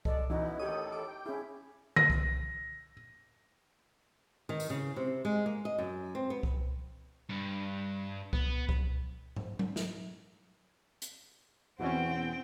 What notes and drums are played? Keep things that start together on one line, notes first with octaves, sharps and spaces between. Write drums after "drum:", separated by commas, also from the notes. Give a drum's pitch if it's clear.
G#3 A4 D5 D#5, drum: kick C2
E3 B3 C#4 D#4 E4 F#4 D#5
A2 D#3 G4 A4 C#5 D#6
D6
G5
C#4 E4 G#4
A#6, drum: tom D3
drum: kick C2
D#3
drum: tambourine
C#3
C3
G#3
A#3
D#5
F#2
C4
B3
drum: kick C2
G2
B3, drum: kick C2
drum: kick C2
drum: tom
drum: tom F#3
drum: snare
drum: hi-hat
E2 B2 E3 C4 C#4 F#5 G5